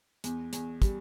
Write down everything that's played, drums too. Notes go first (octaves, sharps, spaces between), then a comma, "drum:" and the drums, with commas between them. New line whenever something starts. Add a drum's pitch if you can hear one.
E2, drum: hi-hat
E2, drum: hi-hat
G3, drum: kick, hi-hat